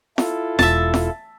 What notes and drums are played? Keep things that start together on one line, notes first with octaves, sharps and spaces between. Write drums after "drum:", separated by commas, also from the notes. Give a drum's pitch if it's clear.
E4 F4 A4, drum: snare F4
E1 E5 A5, drum: snare F4
drum: snare F4